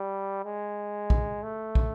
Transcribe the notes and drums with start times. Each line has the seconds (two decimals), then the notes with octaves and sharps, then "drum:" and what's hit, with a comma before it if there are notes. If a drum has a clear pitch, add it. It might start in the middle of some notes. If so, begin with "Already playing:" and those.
Already playing: G3
0.44 G#3
1.10 drum: kick
1.43 A3
1.75 drum: kick